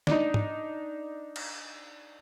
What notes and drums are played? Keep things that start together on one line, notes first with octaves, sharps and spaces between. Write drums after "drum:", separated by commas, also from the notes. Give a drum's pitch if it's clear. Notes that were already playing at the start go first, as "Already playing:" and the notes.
D4 D#4, drum: snare
drum: tom G#2
drum: cymbal